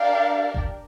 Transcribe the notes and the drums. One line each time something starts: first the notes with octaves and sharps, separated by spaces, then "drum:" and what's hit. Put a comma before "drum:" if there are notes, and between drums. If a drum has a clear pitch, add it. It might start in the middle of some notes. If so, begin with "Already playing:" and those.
Already playing: D4 G4 A#4 D5 F5
drum: kick F#1